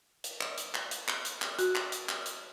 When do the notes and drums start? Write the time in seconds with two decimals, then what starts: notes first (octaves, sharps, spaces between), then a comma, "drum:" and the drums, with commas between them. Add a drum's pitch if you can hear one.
0.24 drum: hi-hat
0.41 drum: clap
0.58 drum: hi-hat
0.75 drum: clap
0.91 drum: hi-hat
1.08 drum: clap
1.25 drum: hi-hat
1.42 drum: clap
1.59 F#4, drum: hi-hat
1.75 drum: clap
1.92 drum: hi-hat
2.09 drum: clap
2.26 drum: hi-hat